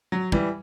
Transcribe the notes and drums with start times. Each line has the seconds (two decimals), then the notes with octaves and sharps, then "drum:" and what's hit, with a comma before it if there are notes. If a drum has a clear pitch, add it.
0.12 F#3
0.32 E3 G3, drum: kick